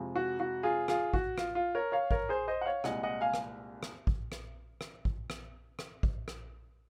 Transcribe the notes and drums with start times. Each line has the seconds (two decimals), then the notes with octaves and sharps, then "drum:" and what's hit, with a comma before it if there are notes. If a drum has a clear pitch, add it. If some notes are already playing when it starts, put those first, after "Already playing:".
Already playing: F2 C3 F3 G#3
0.16 F#4
0.40 F#4
0.63 F4 G#4
0.88 F4 G#4, drum: rim click
1.14 F#4, drum: kick
1.38 F4, drum: rim click
1.55 F4
1.75 A#4 C#5
1.92 C#5 F5
2.11 A#4 C#5, drum: kick
2.29 G#4 C5
2.48 C5 D#5
2.61 F#5
2.66 C#5 F5
2.84 C2 A#2 G#3 D#5 F#5, drum: rim click
3.03 D#5 F#5
3.21 F5 G#5
3.34 drum: rim click
3.83 drum: rim click
4.07 drum: kick
4.32 drum: rim click
4.81 drum: rim click
5.05 drum: kick
5.30 drum: rim click
5.79 drum: rim click
6.03 drum: kick
6.28 drum: rim click